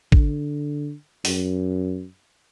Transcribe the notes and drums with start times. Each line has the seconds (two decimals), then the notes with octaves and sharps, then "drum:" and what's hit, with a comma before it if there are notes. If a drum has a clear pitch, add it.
0.12 D3, drum: kick
1.25 F#2, drum: open hi-hat